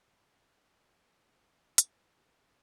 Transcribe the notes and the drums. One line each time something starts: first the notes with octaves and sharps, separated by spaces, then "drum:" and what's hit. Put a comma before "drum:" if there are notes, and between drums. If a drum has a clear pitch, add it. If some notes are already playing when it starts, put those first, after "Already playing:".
Already playing: G2 E3 G3 D4
D4
F2 E3 A3 C4 E4
D4 F4
F4 A4
G4 B4
A4 C5
F2 C3 E3 G3 G4 B4, drum: hi-hat
B4
F4 A4